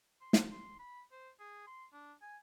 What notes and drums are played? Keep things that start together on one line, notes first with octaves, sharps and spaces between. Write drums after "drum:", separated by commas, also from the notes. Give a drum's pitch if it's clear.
C6
drum: snare
C6
B5
C5
G#4
C6
D4
G#5